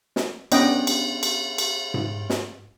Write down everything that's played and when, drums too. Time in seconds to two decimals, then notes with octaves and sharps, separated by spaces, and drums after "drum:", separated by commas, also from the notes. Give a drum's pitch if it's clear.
0.16 drum: snare
0.52 B3 C#4 D4 D#5 G5, drum: cymbal
0.87 drum: cymbal
1.23 drum: cymbal
1.58 drum: cymbal
1.94 drum: tom G#2
2.30 drum: snare